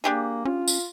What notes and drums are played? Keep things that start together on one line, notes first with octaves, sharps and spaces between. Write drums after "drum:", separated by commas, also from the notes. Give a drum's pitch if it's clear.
A#3 D4 G4 G#4
C#4 F4
drum: tambourine